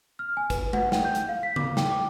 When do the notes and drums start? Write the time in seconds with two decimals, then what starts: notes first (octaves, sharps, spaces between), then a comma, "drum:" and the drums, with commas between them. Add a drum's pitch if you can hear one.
0.19 F6
0.37 G#5
0.50 B4, drum: kick, hi-hat
0.73 F#5, drum: tom G#3
0.92 G5, drum: snare
1.05 G6
1.15 drum: hi-hat
1.29 F5
1.43 B6
1.56 D6, drum: tom C#3
1.77 G5, drum: snare
1.91 D6